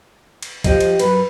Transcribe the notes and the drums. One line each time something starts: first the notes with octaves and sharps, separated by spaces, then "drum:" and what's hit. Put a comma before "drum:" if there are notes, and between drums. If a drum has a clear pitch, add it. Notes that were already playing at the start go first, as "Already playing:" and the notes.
drum: cymbal
F3 G4 D#5, drum: kick C2, cymbal
drum: cymbal
C2 F#2 B4, drum: cymbal